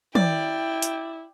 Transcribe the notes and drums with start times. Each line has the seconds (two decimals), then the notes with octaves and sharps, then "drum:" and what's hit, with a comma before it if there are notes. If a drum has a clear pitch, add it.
0.15 E4 D5 G5, drum: tom
0.82 drum: hi-hat